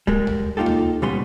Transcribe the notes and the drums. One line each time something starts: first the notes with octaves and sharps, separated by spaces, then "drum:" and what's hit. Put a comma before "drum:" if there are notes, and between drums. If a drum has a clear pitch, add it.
G3 G#3 A#4, drum: kick
drum: tom D2
A#3 D#4 F4 G4 A4
drum: tom D2
C#2 A#2 G3 B3 C#4 C6